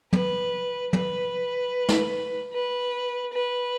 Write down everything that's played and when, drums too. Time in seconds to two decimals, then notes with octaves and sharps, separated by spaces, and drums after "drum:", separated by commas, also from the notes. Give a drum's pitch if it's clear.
0.13 B4, drum: tom
0.93 B4, drum: tom
1.89 drum: snare
2.53 B4
3.33 B4